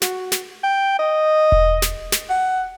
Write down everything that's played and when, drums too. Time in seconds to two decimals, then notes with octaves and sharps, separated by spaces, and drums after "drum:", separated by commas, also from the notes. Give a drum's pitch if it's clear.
0.02 F#4, drum: snare
0.32 drum: snare
0.63 G5
0.99 D#5
1.52 drum: kick E1
1.82 drum: snare
2.12 drum: snare
2.30 F#5